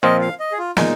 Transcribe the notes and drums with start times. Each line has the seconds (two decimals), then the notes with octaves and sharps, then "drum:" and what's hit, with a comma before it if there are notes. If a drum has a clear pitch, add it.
0.03 A#2 F3 C4 F4 D#5
0.21 F5
0.40 D#5
0.52 G#4
0.58 F4
0.77 A#2 G#3 D#4, drum: snare